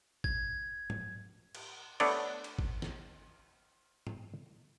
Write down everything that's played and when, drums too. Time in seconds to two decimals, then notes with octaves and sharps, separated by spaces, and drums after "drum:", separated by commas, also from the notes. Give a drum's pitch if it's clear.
0.24 G#6, drum: kick G#1
0.90 drum: tom G#2
1.55 drum: cymbal
2.00 A3 B3 D4 B4 C#5 D5, drum: cymbal
2.44 drum: cymbal
2.59 drum: kick G#1
2.82 drum: snare
4.07 drum: tom G#2